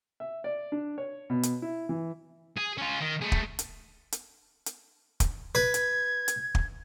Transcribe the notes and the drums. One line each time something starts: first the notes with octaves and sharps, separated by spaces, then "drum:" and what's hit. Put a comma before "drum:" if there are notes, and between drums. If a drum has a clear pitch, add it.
E5
D5
D4
C#5
B2
drum: hi-hat
E4
E3
G#4
C#4 F4
D#3
A3 G#4
drum: kick
drum: hi-hat
drum: hi-hat
drum: hi-hat
drum: kick, hi-hat
B4 G#6
drum: hi-hat
drum: hi-hat
drum: kick